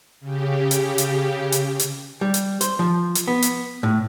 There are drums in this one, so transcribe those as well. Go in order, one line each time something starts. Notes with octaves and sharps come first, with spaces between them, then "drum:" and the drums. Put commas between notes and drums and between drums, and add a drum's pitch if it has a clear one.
C#3 G4
drum: hi-hat
drum: hi-hat
drum: hi-hat
drum: hi-hat
G3
drum: hi-hat
C5, drum: hi-hat
F3
drum: hi-hat
B3
drum: hi-hat
A2